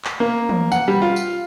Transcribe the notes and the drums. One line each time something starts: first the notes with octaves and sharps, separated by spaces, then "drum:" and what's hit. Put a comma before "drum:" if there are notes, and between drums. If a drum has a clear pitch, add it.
drum: clap
A#3
drum: tom E3
F#5, drum: tambourine
G3
F4
drum: tambourine